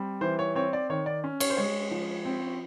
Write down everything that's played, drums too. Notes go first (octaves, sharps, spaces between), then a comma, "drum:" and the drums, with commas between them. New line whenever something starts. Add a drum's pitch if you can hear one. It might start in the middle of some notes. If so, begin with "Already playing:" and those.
Already playing: G3 C4
E3 C5
C#5
C4 C#5
D5
D#3 C#5
D5
C#4
C#5, drum: cymbal
C5
G#3 C#5
F3
C4